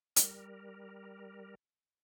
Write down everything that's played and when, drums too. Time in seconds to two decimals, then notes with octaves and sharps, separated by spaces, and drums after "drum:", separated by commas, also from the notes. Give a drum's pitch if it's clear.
0.16 G3 A#4, drum: hi-hat